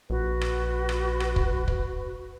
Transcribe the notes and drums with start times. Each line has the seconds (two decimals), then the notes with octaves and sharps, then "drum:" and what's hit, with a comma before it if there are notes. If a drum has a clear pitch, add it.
0.10 A#1 F#4 B4
0.41 drum: rim click
0.89 drum: rim click
1.20 drum: rim click
1.36 drum: kick
1.68 drum: kick